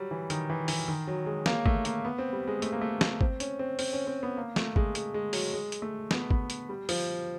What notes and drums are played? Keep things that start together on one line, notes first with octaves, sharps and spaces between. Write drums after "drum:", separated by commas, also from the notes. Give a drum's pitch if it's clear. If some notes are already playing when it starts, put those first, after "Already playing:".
Already playing: F#3 G3
E3
D#3, drum: hi-hat
E3
E3, drum: open hi-hat
D#3
F#3
G#3
A#3, drum: snare
A3, drum: kick G#1
A#3, drum: hi-hat
B3
C4
G3
G#3
A3, drum: hi-hat
A#3
A3
drum: snare
C4, drum: kick G#1
C#4, drum: hi-hat
C4
C4, drum: open hi-hat
C#4
C4
B3
A#3
A3, drum: snare
G#3, drum: kick G#1
G#3, drum: hi-hat
G#3
F#3, drum: open hi-hat
G#3
drum: hi-hat
A3
B3, drum: snare
B3, drum: kick G#1
drum: hi-hat
G3
F3, drum: open hi-hat